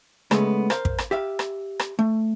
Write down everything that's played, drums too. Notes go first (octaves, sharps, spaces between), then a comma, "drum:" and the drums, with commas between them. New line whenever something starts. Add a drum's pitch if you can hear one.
C#3 G#3 A3 B3, drum: rim click
A#4 C5 F5, drum: rim click
drum: kick
drum: rim click
G4 E5 F5
drum: rim click
drum: rim click
A3